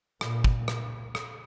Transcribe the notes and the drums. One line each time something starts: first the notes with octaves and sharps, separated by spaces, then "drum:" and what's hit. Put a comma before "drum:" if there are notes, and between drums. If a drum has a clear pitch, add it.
A#2, drum: rim click
drum: kick
drum: rim click
drum: rim click